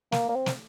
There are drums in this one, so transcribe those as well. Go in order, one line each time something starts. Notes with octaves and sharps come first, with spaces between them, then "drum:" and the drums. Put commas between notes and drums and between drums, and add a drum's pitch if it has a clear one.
A#3, drum: snare
A#3
C4
drum: snare